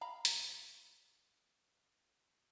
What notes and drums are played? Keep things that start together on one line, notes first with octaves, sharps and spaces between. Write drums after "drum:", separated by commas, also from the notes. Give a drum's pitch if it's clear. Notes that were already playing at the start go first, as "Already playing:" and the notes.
F5 A#5 B5
drum: hi-hat